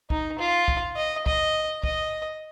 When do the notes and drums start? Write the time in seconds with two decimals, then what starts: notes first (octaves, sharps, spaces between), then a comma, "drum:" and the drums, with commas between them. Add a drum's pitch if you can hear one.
0.10 D#4, drum: kick
0.39 F4
0.68 drum: kick
0.96 D#5
1.26 D#5, drum: kick
1.84 D#5, drum: kick